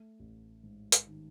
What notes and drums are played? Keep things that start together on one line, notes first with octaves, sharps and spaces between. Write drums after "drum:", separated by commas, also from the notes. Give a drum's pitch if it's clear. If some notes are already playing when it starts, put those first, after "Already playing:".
Already playing: A3
A1
G#2
drum: hi-hat
D#3